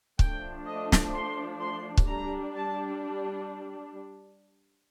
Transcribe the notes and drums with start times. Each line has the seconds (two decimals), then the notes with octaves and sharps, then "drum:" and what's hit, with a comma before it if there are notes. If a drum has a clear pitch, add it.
0.19 F3 A3 D4 G5, drum: kick C#1
0.66 D#5
0.92 drum: snare
1.14 C6
1.60 C6
1.97 drum: kick C#1
2.07 G3 D4 A#5
2.55 A5